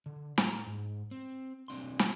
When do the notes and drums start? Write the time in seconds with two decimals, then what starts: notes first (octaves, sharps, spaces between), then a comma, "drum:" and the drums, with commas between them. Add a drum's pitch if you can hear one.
0.06 D3
0.38 A2 A#5, drum: snare
0.67 G#2
1.11 C4
1.68 B1 C4 D4 C6
1.99 drum: snare